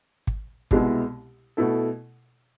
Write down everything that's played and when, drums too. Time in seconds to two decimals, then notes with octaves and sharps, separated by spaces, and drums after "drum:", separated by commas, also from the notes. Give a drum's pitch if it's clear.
0.27 drum: kick
0.71 C2 B2 G#3 B3 E4, drum: kick
1.57 B2 A3 E4 A4